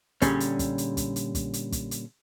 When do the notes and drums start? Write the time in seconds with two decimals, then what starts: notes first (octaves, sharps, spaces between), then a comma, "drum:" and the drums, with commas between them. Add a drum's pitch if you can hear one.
0.21 A#2 D3 G3 C#4 G#4, drum: kick, hi-hat
0.40 drum: hi-hat
0.59 drum: kick, hi-hat
0.78 drum: hi-hat
0.97 drum: kick, hi-hat
1.16 drum: hi-hat
1.35 drum: kick, hi-hat
1.54 drum: hi-hat
1.72 drum: kick, hi-hat
1.91 drum: hi-hat